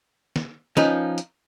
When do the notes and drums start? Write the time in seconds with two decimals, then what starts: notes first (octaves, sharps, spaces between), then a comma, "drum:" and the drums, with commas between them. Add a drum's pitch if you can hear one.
0.36 drum: snare
0.77 F3 C#4 D#4 B4, drum: snare
1.18 drum: hi-hat